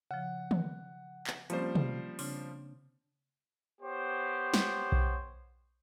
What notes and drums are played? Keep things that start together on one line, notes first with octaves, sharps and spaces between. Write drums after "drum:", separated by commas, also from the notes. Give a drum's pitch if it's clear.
C#3 F3 F#5
drum: tom
drum: clap
F3 G3 A#3 C4 C#4 C5, drum: hi-hat
drum: tom
C#3 C4 D4, drum: open hi-hat
B3 G4 C5 C#5
drum: snare
drum: kick B1